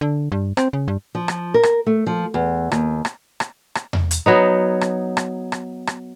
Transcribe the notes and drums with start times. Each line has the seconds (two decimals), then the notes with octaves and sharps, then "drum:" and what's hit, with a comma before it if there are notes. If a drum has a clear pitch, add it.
0.01 D3
0.32 G2
0.57 C4, drum: rim click
0.73 C#3
0.88 G2
1.15 F3
1.28 drum: rim click
1.54 A#4
1.63 drum: rim click
1.86 A3
2.07 F3
2.34 E2
2.71 D#2, drum: rim click
3.05 drum: rim click
3.40 drum: rim click
3.75 drum: rim click
3.93 drum: tom E2
4.11 drum: hi-hat
4.26 F#3 B3 D#4
4.81 drum: rim click
5.17 drum: rim click
5.52 drum: rim click
5.87 drum: rim click